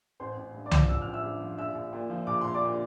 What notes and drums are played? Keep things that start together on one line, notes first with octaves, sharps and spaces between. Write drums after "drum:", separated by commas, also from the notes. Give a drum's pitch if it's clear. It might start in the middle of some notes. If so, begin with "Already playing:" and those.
A1 C5 C6
A1
G2
D5 D6
F3, drum: tom C2
A1 E6
A1 F6
E5 E6
G2
F3
A#1 E5 E6
A#1
A#2
F3
A#1 D6
A#1 C6
D5 D6
A#2